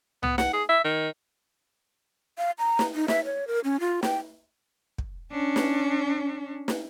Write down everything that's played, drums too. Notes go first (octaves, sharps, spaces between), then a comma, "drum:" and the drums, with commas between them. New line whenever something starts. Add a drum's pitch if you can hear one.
B3, drum: tom
F#5, drum: snare
G#4
E5
D#3
F5
A#5
drum: snare
D#4
E5, drum: snare
C#5
A#4
C#4
F4
G5, drum: snare
drum: kick
C#4 D4
drum: snare
drum: snare